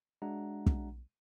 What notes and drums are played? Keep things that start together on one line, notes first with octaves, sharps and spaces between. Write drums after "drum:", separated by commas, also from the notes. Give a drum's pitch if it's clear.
G#3 D4 F#4 E5 F#5 A#5
drum: kick